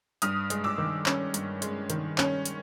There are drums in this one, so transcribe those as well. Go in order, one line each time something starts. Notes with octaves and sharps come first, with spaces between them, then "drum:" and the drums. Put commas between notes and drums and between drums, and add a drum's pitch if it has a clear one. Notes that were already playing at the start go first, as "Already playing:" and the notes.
G2 D#6 F6, drum: hi-hat
G#3, drum: hi-hat
D6 E6
D#3
C#4, drum: clap
G2, drum: hi-hat
G#3, drum: hi-hat
D#3, drum: hi-hat
C#4, drum: clap
drum: hi-hat